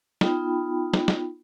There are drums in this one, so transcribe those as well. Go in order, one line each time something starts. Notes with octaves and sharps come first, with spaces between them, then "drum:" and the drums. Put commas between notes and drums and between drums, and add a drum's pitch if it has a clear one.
B3 D#4 F4 G5 B5, drum: snare
drum: snare
drum: snare